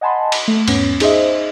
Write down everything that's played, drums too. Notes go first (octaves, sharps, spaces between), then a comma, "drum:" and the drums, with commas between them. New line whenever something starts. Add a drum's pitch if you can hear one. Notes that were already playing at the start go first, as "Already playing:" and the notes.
D#5 F#5 G#5 A5 B5 C6
drum: cymbal
A3
E2 G#2 B3 C#4, drum: cymbal
D#4 G#4 C5 D#5 E5, drum: cymbal